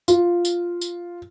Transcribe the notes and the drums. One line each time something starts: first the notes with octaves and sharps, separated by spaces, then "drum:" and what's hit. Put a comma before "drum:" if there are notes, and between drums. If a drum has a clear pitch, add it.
F4, drum: tambourine
drum: tambourine
drum: tambourine